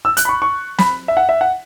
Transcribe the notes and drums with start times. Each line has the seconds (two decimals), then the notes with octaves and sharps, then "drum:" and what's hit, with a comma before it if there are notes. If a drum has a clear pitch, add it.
0.05 E6
0.17 F#6, drum: hi-hat
0.25 B5
0.29 C#6
0.42 C#6
0.79 B5, drum: snare
1.08 E5
1.17 F#5
1.29 E5
1.41 F#5